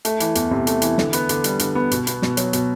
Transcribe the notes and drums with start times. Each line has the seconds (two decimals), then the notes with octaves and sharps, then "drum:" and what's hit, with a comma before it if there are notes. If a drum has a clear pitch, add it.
0.05 A3, drum: hi-hat
0.20 E3, drum: hi-hat
0.35 E2, drum: hi-hat
0.51 C3
0.67 A3, drum: hi-hat
0.82 E3, drum: hi-hat
0.98 D3, drum: snare
1.13 B3, drum: hi-hat
1.29 D3, drum: hi-hat
1.44 G3, drum: hi-hat
1.59 D3, drum: hi-hat
1.75 B3
1.91 B2, drum: hi-hat
2.07 B3, drum: hi-hat
2.22 B2, drum: snare
2.37 F#3, drum: hi-hat
2.53 B2, drum: hi-hat